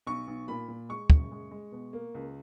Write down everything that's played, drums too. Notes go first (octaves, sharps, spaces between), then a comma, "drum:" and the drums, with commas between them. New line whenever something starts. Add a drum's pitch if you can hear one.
B1 C#6
B1
A#2 B5
A#2
G#3 C#6
F#1, drum: kick
G#3
G#3
B2
A#3
C#2